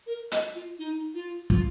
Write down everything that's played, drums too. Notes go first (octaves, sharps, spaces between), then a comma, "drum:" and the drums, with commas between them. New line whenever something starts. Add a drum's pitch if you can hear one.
A#4
D#5, drum: hi-hat
F4
D#4
F4
F4, drum: kick